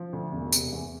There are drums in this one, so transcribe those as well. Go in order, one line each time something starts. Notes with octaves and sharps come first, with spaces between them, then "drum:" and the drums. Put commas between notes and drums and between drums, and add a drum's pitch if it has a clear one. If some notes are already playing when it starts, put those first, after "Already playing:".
Already playing: F3
D2
E1
C3, drum: tambourine
E2